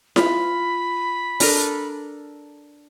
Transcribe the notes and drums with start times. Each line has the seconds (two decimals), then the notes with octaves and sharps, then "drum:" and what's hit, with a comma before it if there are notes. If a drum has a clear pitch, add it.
0.16 F4 B5, drum: snare E4
1.40 D4 A4 A#4, drum: open hi-hat